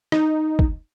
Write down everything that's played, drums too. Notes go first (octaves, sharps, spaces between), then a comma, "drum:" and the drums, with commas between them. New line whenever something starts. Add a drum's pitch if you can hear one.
D#4, drum: rim click
drum: kick